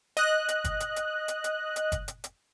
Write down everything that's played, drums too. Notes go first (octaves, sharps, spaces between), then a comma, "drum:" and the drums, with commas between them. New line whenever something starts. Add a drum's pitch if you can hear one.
D#5 F#6, drum: hi-hat
drum: hi-hat
drum: kick, hi-hat
drum: hi-hat
drum: hi-hat
drum: hi-hat
drum: hi-hat
drum: hi-hat
drum: kick, hi-hat
drum: hi-hat
drum: hi-hat